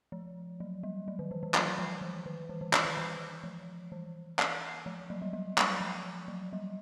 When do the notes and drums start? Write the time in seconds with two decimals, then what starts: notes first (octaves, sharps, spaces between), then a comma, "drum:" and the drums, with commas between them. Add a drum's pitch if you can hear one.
0.12 F3
0.60 F#3
0.83 G3
1.08 F#3
1.19 D#3
1.31 E3
1.43 E3
1.54 F#3, drum: clap
1.79 F3
2.01 E3
2.26 D#3
2.49 E3
2.61 E3
2.73 E3, drum: clap
2.85 D#3
2.97 E3
3.44 F3
3.92 E3
4.39 drum: clap
4.86 F3
5.10 F#3
5.22 G3
5.33 G3
5.58 F#3, drum: clap
5.81 F3
6.28 F#3
6.53 G3